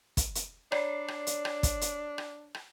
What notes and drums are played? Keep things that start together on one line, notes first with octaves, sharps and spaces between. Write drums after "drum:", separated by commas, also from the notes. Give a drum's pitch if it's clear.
drum: kick, hi-hat
drum: hi-hat
D4 C#5 D5 C7, drum: rim click
drum: rim click
drum: hi-hat
drum: rim click
drum: kick, hi-hat
drum: hi-hat
drum: rim click
drum: rim click